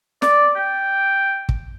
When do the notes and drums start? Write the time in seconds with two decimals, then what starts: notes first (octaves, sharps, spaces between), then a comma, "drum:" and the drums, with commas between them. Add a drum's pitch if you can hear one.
0.22 D5, drum: snare
0.56 G5
1.49 drum: kick